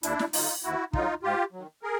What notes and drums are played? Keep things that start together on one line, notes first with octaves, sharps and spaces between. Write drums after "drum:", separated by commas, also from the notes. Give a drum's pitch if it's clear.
D#2 D4 E4, drum: hi-hat
drum: snare
D3 F#3 D#4 F4, drum: open hi-hat
D#2 E4 F#4
D3 F#3 D#4 F4, drum: kick
G#2 F4 G4
D#3 F#3
G#4 A#4